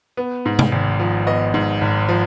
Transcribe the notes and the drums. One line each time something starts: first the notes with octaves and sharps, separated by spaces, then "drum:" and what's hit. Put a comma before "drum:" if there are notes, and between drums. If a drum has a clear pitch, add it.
B3
G#2
drum: tom
G#1
F3
B3 D#5
G#2
G#1
F3